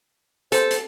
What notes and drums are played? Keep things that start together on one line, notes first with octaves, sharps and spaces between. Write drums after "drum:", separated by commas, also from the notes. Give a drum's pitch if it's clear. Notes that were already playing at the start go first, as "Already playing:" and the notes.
A4 C5, drum: hi-hat
drum: hi-hat